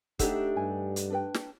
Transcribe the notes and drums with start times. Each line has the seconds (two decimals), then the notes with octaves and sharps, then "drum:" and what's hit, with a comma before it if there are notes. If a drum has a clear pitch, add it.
0.19 A3 D4 D#4 G4 E5 F#5, drum: kick, hi-hat
0.57 G2 G#5
0.96 drum: hi-hat
1.10 D4 B4 G5
1.34 drum: snare